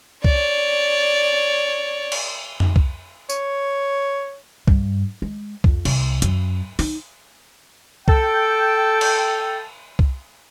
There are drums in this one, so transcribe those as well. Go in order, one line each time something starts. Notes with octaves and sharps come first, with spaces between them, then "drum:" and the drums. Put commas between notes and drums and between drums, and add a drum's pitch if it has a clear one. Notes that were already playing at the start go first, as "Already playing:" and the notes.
C#5 D5, drum: kick C2
drum: cymbal
drum: tom F2
drum: kick C2
C#5, drum: tambourine
G2, drum: kick C2
G#3
F2, drum: kick C2
C2, drum: cymbal
F#2, drum: hi-hat
D#4, drum: open hi-hat
A4 G5, drum: kick C2
drum: cymbal
drum: kick C2